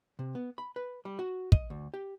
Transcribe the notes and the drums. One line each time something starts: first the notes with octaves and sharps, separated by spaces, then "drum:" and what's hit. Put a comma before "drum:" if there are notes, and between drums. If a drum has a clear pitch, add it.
C3
B3
B5
B4
G3
F#4
D#5, drum: kick
D2
G4